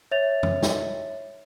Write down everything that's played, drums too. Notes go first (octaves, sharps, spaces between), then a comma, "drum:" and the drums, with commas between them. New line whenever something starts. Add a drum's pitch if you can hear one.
C#5 E5 A6 F7
drum: tom F2
drum: snare